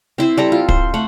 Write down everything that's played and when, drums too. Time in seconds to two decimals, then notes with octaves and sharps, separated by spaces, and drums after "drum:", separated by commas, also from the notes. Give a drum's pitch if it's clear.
0.18 C4 E4 C5
0.37 G3 A4 A#5
0.52 F4
0.69 C5, drum: kick
0.94 A3 F#5